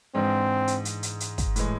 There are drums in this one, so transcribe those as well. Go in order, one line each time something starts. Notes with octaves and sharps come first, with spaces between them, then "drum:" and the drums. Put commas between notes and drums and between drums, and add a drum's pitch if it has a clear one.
G#2 E3 G#3 C4 D4
drum: hi-hat
drum: hi-hat
drum: hi-hat
drum: hi-hat
drum: kick, hi-hat
A2 E3 G#3, drum: hi-hat